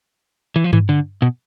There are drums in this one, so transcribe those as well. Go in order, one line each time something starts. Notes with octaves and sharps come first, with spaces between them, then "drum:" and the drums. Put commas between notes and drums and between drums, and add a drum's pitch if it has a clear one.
E3
F3
E3, drum: tom G2
D3
B2